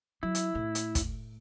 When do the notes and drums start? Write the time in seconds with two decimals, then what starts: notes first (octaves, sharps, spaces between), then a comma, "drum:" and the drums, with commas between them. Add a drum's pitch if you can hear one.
0.23 F#3 E4
0.35 drum: hi-hat
0.55 A2 A3
0.75 drum: hi-hat
0.95 drum: kick, hi-hat